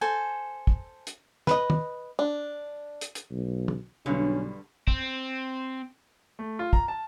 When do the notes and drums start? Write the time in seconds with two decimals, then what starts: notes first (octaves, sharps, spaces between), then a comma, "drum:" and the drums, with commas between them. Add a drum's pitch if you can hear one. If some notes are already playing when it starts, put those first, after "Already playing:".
0.01 A4 C5 G#5
0.67 drum: kick
1.07 drum: hi-hat
1.47 B4 D#5, drum: snare
1.70 drum: tom
2.19 D4
3.01 drum: hi-hat
3.15 drum: hi-hat
3.31 B1
3.68 drum: tom
4.06 B1 G2 D3 G3 C#4
4.88 C4, drum: kick
6.39 A3
6.59 F4
6.73 A#5, drum: kick
6.88 A5